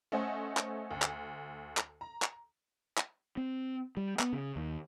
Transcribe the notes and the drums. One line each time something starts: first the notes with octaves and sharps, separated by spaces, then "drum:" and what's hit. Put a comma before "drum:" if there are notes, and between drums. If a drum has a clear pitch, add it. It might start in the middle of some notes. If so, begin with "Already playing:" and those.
A3 C#4 C5 D#5 F#5 G#5
drum: clap
D2
drum: clap
drum: clap
A#5
drum: clap
drum: clap
C4
G3
B3, drum: clap
C#3
D#2